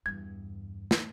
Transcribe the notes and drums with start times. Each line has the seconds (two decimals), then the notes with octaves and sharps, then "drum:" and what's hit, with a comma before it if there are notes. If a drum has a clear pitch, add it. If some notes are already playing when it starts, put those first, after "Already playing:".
0.06 E2 G2 G#6
0.91 drum: snare